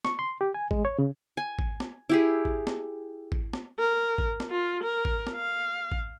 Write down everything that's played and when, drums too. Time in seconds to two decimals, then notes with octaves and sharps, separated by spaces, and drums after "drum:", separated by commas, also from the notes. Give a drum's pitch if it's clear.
0.05 C#6, drum: snare B3
0.19 C6
0.41 G4
0.54 G#5
0.71 G#3, drum: kick G#1
0.85 C#5
0.99 C#3
1.37 G#5
1.59 drum: kick G#1
1.80 drum: snare B3
2.09 E4 G4 G#4
2.45 drum: kick G#1
2.67 drum: snare B3
3.32 drum: kick G#1
3.53 drum: snare B3
3.79 A#4
4.18 drum: kick G#1
4.40 drum: snare B3
4.50 F4
4.83 A#4
5.05 drum: kick G#1
5.27 drum: snare B3
5.36 F5
5.92 drum: kick G#1